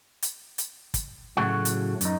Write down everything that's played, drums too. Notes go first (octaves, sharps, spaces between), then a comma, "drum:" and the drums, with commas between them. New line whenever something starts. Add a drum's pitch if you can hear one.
drum: hi-hat
drum: hi-hat
drum: kick, hi-hat
A2 C#3 F#3 A3 F#4
drum: hi-hat
F#2 D#4, drum: hi-hat